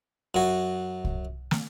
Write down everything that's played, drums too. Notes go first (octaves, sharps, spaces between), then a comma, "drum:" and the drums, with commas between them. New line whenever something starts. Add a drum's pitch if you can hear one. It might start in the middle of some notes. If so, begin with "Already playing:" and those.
F#2 F#4
drum: kick C2
drum: snare